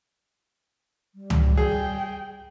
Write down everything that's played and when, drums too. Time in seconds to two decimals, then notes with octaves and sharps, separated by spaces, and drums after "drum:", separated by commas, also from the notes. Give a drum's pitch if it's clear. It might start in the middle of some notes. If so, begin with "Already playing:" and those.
1.15 G3
1.30 drum: tom
1.57 G#4 G5